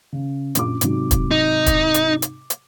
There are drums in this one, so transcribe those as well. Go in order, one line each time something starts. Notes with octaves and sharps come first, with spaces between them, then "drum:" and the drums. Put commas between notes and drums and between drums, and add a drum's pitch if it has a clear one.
C#3
A#1 F#2 D6, drum: hi-hat
G#2 C3 F#3, drum: hi-hat
drum: kick, hi-hat
D#4
drum: kick, hi-hat
drum: hi-hat
drum: hi-hat
drum: hi-hat